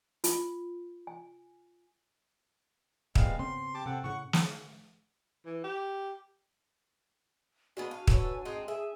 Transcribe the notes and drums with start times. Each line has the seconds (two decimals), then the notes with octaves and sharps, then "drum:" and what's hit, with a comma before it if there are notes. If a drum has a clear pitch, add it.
0.24 F4, drum: hi-hat
1.07 G#5
3.15 A#1 F2 B2 G3 G#3 F5, drum: kick
3.39 C#3 B3 C4 C6
3.74 G4 A5 D6
3.86 C3 C4 A4 F#5
4.04 A2 C#3 F#5 C#6
4.33 drum: snare
5.45 E3
5.64 G4
7.77 D3 G#3 B3 D4 F#4 G#5
7.91 F5
8.07 A4 B4 C#5, drum: kick
8.45 G#3 C4 D#4
8.68 G#4 E5